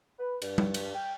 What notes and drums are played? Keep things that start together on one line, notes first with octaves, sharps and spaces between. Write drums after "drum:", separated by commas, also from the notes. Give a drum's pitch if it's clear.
B4
G2, drum: cymbal
drum: tom G3
drum: cymbal
G5